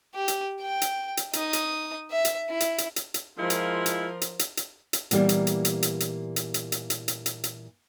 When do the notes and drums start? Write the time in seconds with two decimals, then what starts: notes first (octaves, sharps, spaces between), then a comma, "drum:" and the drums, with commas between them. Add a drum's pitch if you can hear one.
0.15 G4
0.28 drum: hi-hat
0.61 G5
0.82 drum: hi-hat
1.17 drum: hi-hat
1.33 D#4 D#6, drum: hi-hat
1.53 drum: hi-hat
2.11 E5
2.25 drum: hi-hat
2.49 E4
2.60 drum: hi-hat
2.78 drum: hi-hat
2.96 drum: hi-hat
3.14 drum: hi-hat
3.38 F3 G#3 E4 F4 A#4
3.50 drum: hi-hat
3.86 drum: hi-hat
4.21 drum: hi-hat
4.39 drum: hi-hat
4.57 drum: hi-hat
4.93 drum: hi-hat
5.11 A#2 E3 G3 G#3 A#3 B3, drum: hi-hat
5.29 drum: hi-hat
5.47 drum: hi-hat
5.65 drum: hi-hat
5.83 drum: hi-hat
6.00 drum: hi-hat
6.36 drum: hi-hat
6.54 drum: hi-hat
6.72 drum: hi-hat
6.90 drum: hi-hat
7.08 drum: hi-hat
7.26 drum: hi-hat
7.44 drum: hi-hat